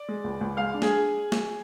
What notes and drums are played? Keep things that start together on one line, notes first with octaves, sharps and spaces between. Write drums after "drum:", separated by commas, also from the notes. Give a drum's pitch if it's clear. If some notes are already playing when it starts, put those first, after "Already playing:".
Already playing: D5
G#3
C#2
C#2
G#3 F5 F6
D4
G#4 G#5, drum: snare
drum: snare